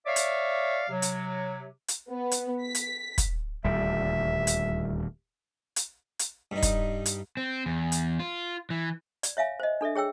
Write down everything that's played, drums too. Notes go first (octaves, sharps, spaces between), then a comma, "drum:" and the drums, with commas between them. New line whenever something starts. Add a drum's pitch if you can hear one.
C#5 D5 E5 F5 D6
drum: hi-hat
C3 F#3
drum: hi-hat
drum: hi-hat
B3
drum: hi-hat
B6
drum: hi-hat
drum: kick, hi-hat
D#1 D2 G3 E5
drum: hi-hat
drum: hi-hat
drum: hi-hat
G2 D#4
drum: kick, hi-hat
drum: hi-hat
C4
E2
drum: hi-hat
F4
E3
D5, drum: hi-hat
C#5 E5 F5 G#5
C5 D#5
D4 A4 D5 E5
G#4 C#5 G5 E6